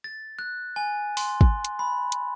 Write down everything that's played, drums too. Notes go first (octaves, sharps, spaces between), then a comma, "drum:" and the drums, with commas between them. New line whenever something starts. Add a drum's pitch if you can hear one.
A6
F#6
G#5
C6, drum: open hi-hat
drum: kick
drum: hi-hat
B5
drum: hi-hat